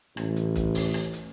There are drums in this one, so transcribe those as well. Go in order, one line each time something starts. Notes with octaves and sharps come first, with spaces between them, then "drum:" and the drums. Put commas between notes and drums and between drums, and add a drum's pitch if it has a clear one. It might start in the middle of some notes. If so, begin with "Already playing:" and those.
A1, drum: rim click
drum: hi-hat
drum: kick, hi-hat
drum: open hi-hat
drum: rim click
drum: hi-hat